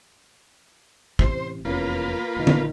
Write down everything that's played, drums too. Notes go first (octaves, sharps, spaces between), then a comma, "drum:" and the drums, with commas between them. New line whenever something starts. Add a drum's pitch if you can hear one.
A1 C3 C5, drum: kick
F1 E2 A#3 C#4 F4 B4
A#1 A#2 D#3
drum: tom